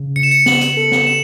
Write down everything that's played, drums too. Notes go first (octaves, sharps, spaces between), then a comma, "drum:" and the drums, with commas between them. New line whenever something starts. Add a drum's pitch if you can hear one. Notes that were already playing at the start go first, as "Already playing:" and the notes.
Already playing: C#3
C#3 C#7
E7
C#7
B3 F#7, drum: snare
drum: hi-hat
A4
drum: snare
E7